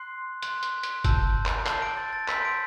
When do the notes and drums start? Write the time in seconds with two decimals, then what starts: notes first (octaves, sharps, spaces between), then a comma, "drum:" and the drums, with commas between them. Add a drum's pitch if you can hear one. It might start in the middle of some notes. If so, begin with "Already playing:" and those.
Already playing: C6 F#6 C7
0.42 C6 F#6, drum: hi-hat
0.63 drum: hi-hat
0.83 drum: hi-hat
1.04 A5 E6 G6, drum: kick G1, hi-hat
1.46 drum: clap
1.66 A5 E6 G6 C7, drum: clap
1.82 D7
1.97 A6
2.13 A6
2.28 C6 E6 G6 B6, drum: clap
2.45 D7